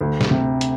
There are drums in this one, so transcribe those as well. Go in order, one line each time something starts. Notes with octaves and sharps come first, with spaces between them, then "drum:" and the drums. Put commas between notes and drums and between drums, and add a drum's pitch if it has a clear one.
D2
drum: snare
C3
drum: hi-hat